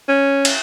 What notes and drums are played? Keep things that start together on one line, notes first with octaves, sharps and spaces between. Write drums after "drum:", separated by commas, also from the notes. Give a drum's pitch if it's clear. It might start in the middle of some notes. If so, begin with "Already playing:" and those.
C#4
drum: cymbal